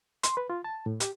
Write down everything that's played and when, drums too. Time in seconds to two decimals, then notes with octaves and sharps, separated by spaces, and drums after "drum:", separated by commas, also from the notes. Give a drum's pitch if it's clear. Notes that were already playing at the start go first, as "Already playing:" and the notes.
0.23 C6, drum: hi-hat
0.37 B4
0.50 F4
0.64 A5
0.86 A2
1.00 G4, drum: hi-hat